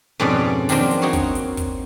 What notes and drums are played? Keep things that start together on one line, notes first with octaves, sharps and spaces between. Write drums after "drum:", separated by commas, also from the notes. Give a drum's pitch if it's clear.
F2 G#2 B2 C#4 A4 D5
D#3 F3 F#3 A#3 C4 D4, drum: open hi-hat
drum: hi-hat
C4 D#4 F#4 C#5
drum: kick, hi-hat
drum: hi-hat
drum: kick, hi-hat